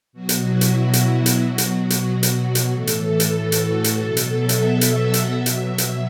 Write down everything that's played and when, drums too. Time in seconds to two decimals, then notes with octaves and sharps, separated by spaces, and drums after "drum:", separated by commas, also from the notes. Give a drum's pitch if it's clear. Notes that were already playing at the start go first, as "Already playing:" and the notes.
0.13 B2 F#3 F#4
0.29 drum: hi-hat
0.45 E4
0.61 drum: hi-hat
0.78 E4
0.93 drum: hi-hat
1.09 E4
1.26 drum: hi-hat
1.42 B2 F#3 F#4
1.58 drum: hi-hat
1.90 drum: hi-hat
2.23 drum: hi-hat
2.55 drum: hi-hat
2.71 A2 E3 A4
2.87 drum: hi-hat
3.20 drum: hi-hat
3.36 F#4
3.52 drum: hi-hat
3.69 F#4
3.84 drum: hi-hat
4.00 B2 F#3 A4
4.17 drum: hi-hat
4.33 E5
4.49 drum: hi-hat
4.65 E5
4.81 drum: hi-hat
4.97 F#5
5.14 drum: hi-hat
5.30 B2 F#3 E5
5.46 drum: hi-hat
5.63 E5
5.78 drum: hi-hat